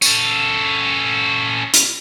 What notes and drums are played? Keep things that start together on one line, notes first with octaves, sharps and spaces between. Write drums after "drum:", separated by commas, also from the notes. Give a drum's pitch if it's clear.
C#4 A4, drum: tambourine
drum: hi-hat